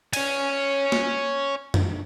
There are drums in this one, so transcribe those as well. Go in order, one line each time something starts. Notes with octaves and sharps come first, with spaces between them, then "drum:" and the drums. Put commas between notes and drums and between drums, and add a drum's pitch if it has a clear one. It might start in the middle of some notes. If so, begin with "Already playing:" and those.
C#5 G#5, drum: cymbal
drum: snare
drum: tom F#2